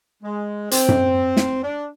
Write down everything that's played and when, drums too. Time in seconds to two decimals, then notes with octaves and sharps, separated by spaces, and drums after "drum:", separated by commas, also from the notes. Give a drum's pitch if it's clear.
0.23 G#3
0.71 C4, drum: hi-hat
0.88 drum: tom F#2
1.37 drum: snare
1.63 D4